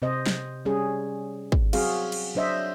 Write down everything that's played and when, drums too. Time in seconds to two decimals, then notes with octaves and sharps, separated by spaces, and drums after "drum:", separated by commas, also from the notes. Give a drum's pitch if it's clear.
0.02 C3 C4 C5 D#5
0.26 drum: snare
0.65 G3 C#4 G#4
1.52 drum: kick
1.73 F#3 C4 F#4 G#4 F5, drum: cymbal
2.12 drum: cymbal
2.35 F#3 D4 C5 D#5 E5